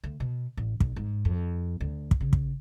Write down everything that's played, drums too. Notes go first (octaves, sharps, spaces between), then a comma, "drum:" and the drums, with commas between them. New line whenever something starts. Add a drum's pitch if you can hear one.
D2
B2
A1
B1, drum: kick
G#2
F2
D2
drum: kick
C#3
drum: kick